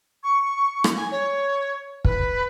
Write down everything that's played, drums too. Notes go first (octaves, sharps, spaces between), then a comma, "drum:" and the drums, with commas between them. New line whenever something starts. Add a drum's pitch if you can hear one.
C#6
drum: rim click
G#5
C#5
B4, drum: kick